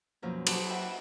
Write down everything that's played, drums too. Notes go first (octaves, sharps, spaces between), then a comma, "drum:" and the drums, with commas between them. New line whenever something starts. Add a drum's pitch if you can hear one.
F#2 B2 F3 A#3 C#4
F#3 G4 B4 C5 A5 C6, drum: cymbal
E5 F#5 G5 B5